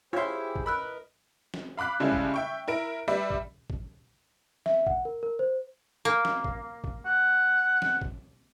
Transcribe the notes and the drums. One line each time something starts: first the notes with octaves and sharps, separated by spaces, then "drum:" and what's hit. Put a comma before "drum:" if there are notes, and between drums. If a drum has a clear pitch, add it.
E4 F4 G4 G#4 C5 C#5 E5 C6
drum: kick
A#4 B4 D#5 B5 E6 F#6
drum: snare
F5 B5 D6 F#6 B6
C#3 G3 G#3 C#4 E4 A4
drum: kick
E5 G5 C#6
E4 A#4 D7
G3 B4 E5
drum: kick
drum: kick
E5, drum: snare
F#5, drum: kick
A#4
A#4
C5
A#3
drum: snare
drum: kick
drum: kick
F#5
drum: snare
drum: kick